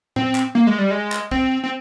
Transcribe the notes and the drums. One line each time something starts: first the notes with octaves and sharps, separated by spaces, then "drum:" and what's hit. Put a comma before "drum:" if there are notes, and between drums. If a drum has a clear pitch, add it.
C4, drum: tom A2
drum: clap
A#3
G#3
G3
G#3
drum: clap
C4, drum: kick
C4